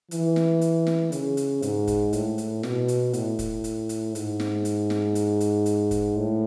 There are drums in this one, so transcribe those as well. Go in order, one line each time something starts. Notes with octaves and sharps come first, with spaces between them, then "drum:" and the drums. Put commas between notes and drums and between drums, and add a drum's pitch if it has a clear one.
E3, drum: hi-hat
drum: snare
drum: hi-hat
drum: snare
C#3, drum: hi-hat
drum: hi-hat
G#2, drum: hi-hat
drum: kick, hi-hat
A2, drum: hi-hat
drum: hi-hat
B2, drum: snare
drum: hi-hat
A2, drum: hi-hat
drum: kick, hi-hat
drum: hi-hat
drum: hi-hat
G#2, drum: hi-hat
drum: snare
drum: hi-hat
drum: snare
drum: hi-hat
drum: hi-hat
drum: hi-hat
drum: kick, hi-hat
A2